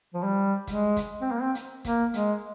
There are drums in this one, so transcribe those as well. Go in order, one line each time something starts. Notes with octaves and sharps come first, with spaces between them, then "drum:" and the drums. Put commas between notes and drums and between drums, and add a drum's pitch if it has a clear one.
F3
G3
G#3, drum: kick, hi-hat
drum: kick, hi-hat
C4
A#3
C4
drum: hi-hat
A#3, drum: kick, hi-hat
G#3, drum: hi-hat